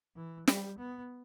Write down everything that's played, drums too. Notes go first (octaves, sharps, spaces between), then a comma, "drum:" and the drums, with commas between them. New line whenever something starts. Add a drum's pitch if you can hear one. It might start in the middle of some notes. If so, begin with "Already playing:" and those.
E3
G3, drum: snare
B3